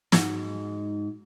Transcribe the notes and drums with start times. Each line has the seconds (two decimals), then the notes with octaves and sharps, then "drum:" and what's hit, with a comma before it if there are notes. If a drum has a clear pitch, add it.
0.12 G#2 F#4, drum: snare